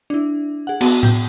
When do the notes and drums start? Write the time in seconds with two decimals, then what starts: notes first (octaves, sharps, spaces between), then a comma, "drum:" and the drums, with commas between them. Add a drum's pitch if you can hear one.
0.10 D4 E4
0.67 G#4 F#5
0.81 B3 F#4 D6 D#7, drum: cymbal
1.03 G5 G6, drum: tom A2